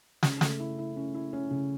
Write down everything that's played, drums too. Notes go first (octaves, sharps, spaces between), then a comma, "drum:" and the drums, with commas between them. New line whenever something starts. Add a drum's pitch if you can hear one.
C#3, drum: snare
A3, drum: snare
E4
E4
C#4
E4
C#4
C#3